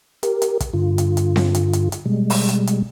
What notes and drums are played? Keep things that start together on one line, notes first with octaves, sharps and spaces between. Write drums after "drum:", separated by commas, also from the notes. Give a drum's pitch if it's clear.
G4 A#4, drum: hi-hat
drum: hi-hat
drum: kick, hi-hat
G2 D3 F4
drum: hi-hat
drum: hi-hat
drum: snare C4
drum: hi-hat
drum: hi-hat
drum: hi-hat
B2 G3 G#3
drum: open hi-hat
drum: hi-hat
drum: hi-hat